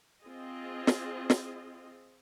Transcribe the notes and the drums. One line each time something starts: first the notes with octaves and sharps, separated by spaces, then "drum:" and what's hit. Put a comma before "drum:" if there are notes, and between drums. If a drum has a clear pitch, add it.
C4 F4 G#4 D#5
drum: snare
drum: snare